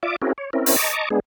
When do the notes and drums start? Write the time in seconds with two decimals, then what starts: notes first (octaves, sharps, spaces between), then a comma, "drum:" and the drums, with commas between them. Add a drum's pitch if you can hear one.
0.03 F4 D5 E5 D6
0.22 C4 C#4 E4 F#4 G#4 A#4
0.38 C#5
0.53 C4 C#4 E4 A#4
0.66 drum: open hi-hat
0.76 D#5 A5 A#5 C#6 D6
1.10 G#3 B3 D4 G#4